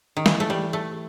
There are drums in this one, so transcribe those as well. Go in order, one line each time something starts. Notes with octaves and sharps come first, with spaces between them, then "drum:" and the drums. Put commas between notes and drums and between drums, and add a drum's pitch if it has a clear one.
D#3
E3, drum: snare
A3
G3
A3